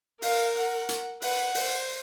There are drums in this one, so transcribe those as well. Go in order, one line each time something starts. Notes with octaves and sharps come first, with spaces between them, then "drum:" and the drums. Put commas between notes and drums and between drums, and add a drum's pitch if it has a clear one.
A#4 F5, drum: open hi-hat
F#5
drum: hi-hat
B4 F#5, drum: open hi-hat
C5, drum: open hi-hat